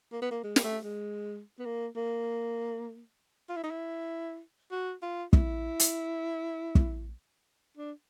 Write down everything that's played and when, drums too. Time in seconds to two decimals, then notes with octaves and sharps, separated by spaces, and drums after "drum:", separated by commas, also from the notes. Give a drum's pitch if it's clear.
0.13 A#3
0.22 B3
0.31 A#3
0.44 G#3
0.56 A#3, drum: snare
0.64 A3
0.84 G#3
1.59 B3
1.66 A#3
1.96 A#3
3.49 F4
3.56 E4
3.64 D#4
3.71 E4
4.71 F#4
5.02 F4
5.33 E4, drum: kick
5.79 drum: hi-hat
6.75 drum: kick
7.77 D4